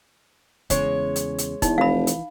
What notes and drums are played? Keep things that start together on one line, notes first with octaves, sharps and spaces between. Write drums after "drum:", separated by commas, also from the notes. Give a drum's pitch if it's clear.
E2 C#3 G#3 C#5, drum: kick, hi-hat
drum: hi-hat
drum: hi-hat
E2 E3 D#4, drum: kick, hi-hat
F1 F5 B5
drum: hi-hat